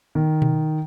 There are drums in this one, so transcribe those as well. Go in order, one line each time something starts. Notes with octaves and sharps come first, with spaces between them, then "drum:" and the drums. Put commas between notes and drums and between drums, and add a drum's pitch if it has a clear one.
D#3
drum: tom B2